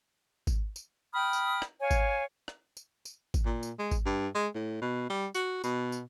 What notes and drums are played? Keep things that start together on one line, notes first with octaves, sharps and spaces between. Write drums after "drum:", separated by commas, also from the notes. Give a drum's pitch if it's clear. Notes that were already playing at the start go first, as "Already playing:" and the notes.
drum: kick G#1, tambourine
drum: tambourine
G5 B5 D#6 F6
drum: tambourine
drum: rim click
C#5 F5 G#5
drum: kick G#1, tambourine
drum: rim click
drum: tambourine
drum: tambourine
drum: kick G#1, tambourine
A#2
drum: tambourine
G#3
drum: kick G#1, tambourine
G2
G#3
A2
B2
G3
F#4, drum: tambourine
B2, drum: tambourine
drum: tambourine